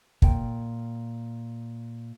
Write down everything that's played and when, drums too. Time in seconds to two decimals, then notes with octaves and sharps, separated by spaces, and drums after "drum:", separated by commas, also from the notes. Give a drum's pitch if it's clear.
0.22 A#2 G5, drum: kick